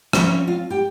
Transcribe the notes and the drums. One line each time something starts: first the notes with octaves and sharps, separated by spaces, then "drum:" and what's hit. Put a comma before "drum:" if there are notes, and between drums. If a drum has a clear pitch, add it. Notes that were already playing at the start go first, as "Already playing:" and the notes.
F3 C4 C#4 F4 C#5, drum: rim click
F4 F5
G4 G5